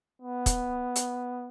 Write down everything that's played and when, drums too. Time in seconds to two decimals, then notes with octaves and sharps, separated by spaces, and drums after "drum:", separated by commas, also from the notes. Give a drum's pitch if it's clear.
0.22 B3
0.46 drum: kick, hi-hat
0.96 drum: hi-hat